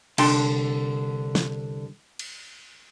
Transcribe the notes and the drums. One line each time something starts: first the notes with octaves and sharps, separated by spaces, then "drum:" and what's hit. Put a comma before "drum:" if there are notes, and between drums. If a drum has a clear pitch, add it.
C2 D3 D4 G5 A5 C6, drum: cymbal
drum: snare
drum: cymbal